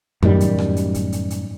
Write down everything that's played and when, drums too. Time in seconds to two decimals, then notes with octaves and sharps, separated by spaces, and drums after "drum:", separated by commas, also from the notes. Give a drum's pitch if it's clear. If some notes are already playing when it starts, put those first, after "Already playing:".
0.22 F#2 A2 D#3 G3, drum: tom F#2
0.40 drum: hi-hat
0.58 drum: rim click
0.76 drum: hi-hat
0.94 drum: kick, hi-hat
1.12 drum: hi-hat
1.30 drum: hi-hat